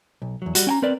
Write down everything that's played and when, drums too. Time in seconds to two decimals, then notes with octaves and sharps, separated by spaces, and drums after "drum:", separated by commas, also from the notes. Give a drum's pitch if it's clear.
0.22 B1
0.42 E2 F#3
0.55 G3 F#4, drum: hi-hat
0.67 C#4 G5 A#5
0.82 C4 A#4 B4 D5